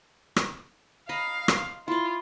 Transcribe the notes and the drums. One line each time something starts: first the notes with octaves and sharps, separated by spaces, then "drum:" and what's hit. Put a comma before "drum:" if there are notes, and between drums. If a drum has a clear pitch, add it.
drum: rim click
D#5 F5 A#5 B5
C6, drum: rim click
E4 F4 D5